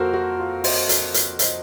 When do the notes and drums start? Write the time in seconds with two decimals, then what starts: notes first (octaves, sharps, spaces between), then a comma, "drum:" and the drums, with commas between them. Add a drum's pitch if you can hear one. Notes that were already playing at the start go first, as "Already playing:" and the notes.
Already playing: F2 A#3 F#4 A4 A#4 C5
0.13 F#4
0.39 F4
0.64 C5 D#5, drum: open hi-hat
0.89 drum: hi-hat
1.14 drum: hi-hat
1.39 C5 D#5, drum: hi-hat